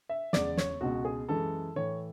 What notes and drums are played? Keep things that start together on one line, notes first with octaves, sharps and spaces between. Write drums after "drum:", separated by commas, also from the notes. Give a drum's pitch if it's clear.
E5
E2 C#3 G#3 D5, drum: snare
C#5, drum: snare
C#2 B2 G#3 F#4
G#4
F#2 E3 G#3 A4
A2 E3 A3 C#5